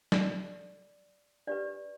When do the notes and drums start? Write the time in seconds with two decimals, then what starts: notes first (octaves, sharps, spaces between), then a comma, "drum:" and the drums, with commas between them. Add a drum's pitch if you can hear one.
0.12 D5, drum: snare
1.47 D4 G4 B4 D5